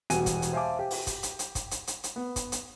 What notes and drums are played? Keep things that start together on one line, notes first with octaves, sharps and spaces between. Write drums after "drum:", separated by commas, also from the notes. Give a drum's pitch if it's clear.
E1 G3 F#4 F#5 G#5 D#7, drum: hi-hat
drum: kick, hi-hat
drum: hi-hat
C5 E5 F5 G#5 A5 D6
G4
drum: open hi-hat
drum: kick, hi-hat
drum: hi-hat
drum: hi-hat
drum: kick, hi-hat
drum: hi-hat
drum: hi-hat
drum: hi-hat
B3
drum: kick, hi-hat
drum: hi-hat